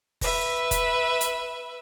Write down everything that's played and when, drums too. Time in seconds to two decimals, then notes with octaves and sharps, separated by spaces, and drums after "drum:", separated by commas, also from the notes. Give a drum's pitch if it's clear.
0.21 B4 E5, drum: kick F1, open hi-hat
0.71 drum: kick F1, hi-hat
1.21 drum: hi-hat